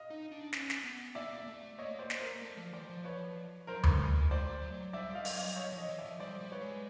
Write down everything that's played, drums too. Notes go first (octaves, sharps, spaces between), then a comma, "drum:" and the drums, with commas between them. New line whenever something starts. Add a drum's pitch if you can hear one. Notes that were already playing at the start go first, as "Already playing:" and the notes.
Already playing: D#5 F5
D#4
D4
C#4, drum: snare
drum: snare
B3
A#3 D5 E5
A3
A#3 C#5 D#5
C5 D5
A#3, drum: snare
A#4 C5
A3
F3
E3 C5 D5
F3
B4 C#5
F#3 A#4 C5
G#3, drum: tom D2
G#3
G#3
A3 C5 D5
F#3
G3 D5 E5
D#5 F5
F#3, drum: open hi-hat
D#5 F5
C#5 D#5
F3
C#5 D#5
E3
D5 E5
F3
G3 C5 D5
G3
B4 C#5
G#3